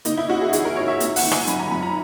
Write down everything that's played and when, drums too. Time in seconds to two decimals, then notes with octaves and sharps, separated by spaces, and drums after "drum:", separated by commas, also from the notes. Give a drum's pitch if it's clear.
0.05 A#3 D#4, drum: hi-hat
0.17 E4
0.29 C#4 F#4
0.41 G#4
0.53 E3 G#4, drum: hi-hat
0.65 A#4
0.76 G#2 C#5
0.88 E5
1.00 A#3, drum: hi-hat
1.16 F#5, drum: open hi-hat
1.23 D#3
1.32 G#5, drum: rim click
1.47 F#2 B5, drum: hi-hat
1.59 A#5
1.71 F#2 B5
1.83 A#5